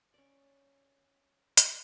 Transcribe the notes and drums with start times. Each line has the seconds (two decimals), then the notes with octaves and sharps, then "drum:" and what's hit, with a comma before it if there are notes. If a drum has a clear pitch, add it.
0.14 C#4 D5
1.57 drum: hi-hat